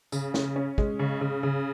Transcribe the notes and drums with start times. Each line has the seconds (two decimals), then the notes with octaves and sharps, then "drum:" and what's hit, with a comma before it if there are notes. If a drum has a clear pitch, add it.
0.12 C#3, drum: tambourine
0.34 C#4, drum: snare
0.56 C#4
0.78 G#3, drum: kick
0.99 C#3
1.21 C#3
1.43 C#3